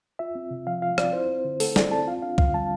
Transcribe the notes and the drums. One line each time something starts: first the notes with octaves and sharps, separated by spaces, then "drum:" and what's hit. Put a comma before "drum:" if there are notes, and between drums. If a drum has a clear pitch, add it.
F4 E5
C4
C3
F3 F5
F4 F5
C4 D5, drum: rim click
E4 C5
C4
D3
A3 A4, drum: open hi-hat
E4 D5, drum: snare
C4 A5
F4 F5
D4 F5
D3 F5, drum: kick
G3 A5